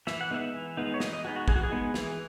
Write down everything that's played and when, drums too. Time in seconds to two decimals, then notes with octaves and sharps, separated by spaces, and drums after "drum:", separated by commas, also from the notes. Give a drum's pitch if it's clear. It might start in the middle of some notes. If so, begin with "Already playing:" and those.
0.07 E3 E5, drum: snare
0.21 F#5
0.30 G#3 B3 D#4 E5
0.53 E3
0.77 G#3 B3 D#4
0.94 C#5
1.00 E3 D#5, drum: snare
1.13 D#5
1.25 G#3 B3 D#4 F#4
1.36 F#4
1.48 E3 G#4, drum: kick
1.56 F#4
1.63 G#4
1.71 G#3 B3 D#4
1.94 E3, drum: snare